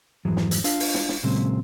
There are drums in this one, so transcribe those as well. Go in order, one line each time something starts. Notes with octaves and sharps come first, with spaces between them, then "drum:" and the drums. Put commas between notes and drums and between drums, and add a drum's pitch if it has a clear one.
F2 G#2 E3 F#3 G#3
drum: snare
drum: hi-hat
D4 F4 F5, drum: hi-hat
drum: open hi-hat
drum: snare
drum: snare
A#2 C#3 F#3 G#3 C4 C6